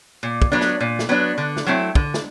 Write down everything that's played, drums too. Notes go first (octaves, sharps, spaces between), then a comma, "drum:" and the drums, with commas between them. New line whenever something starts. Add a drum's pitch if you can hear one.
A#2
drum: kick
F#3 B3 D4
drum: snare
A#2
drum: snare
F#3 B3 D4
D3
drum: snare
F#3 A3 C4 E4
D3, drum: kick
drum: snare